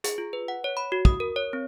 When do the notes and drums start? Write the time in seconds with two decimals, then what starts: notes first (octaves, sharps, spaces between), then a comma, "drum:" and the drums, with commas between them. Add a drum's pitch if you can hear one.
0.04 G#4, drum: hi-hat
0.18 F4
0.33 B4
0.48 F#5
0.64 C#5
0.77 B5
0.92 F#4
1.05 D#6, drum: kick
1.20 A#4
1.36 C#5
1.53 C4